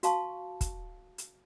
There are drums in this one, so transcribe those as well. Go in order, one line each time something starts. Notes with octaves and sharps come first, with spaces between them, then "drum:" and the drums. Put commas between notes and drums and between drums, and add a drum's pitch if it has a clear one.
F#4 F5 A5 C#6, drum: hi-hat
drum: kick, hi-hat
drum: hi-hat